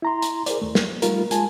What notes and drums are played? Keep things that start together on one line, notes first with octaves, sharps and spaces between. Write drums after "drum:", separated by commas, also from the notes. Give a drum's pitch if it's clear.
E4 A#5 C6
drum: hi-hat
G#4 A#4 C5 D5, drum: hi-hat
D#2 A3
A#3, drum: snare
G3 A3 D#4 F4 A#4, drum: hi-hat
G#3 F4 G#5 A5, drum: hi-hat